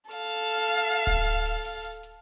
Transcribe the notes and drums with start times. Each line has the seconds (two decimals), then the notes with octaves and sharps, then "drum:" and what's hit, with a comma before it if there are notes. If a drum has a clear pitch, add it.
0.11 A4 F5, drum: open hi-hat
0.30 drum: hi-hat
0.49 drum: hi-hat
0.68 drum: hi-hat
1.07 drum: kick D1, hi-hat
1.45 drum: open hi-hat
1.65 drum: open hi-hat
1.84 drum: hi-hat
2.03 drum: hi-hat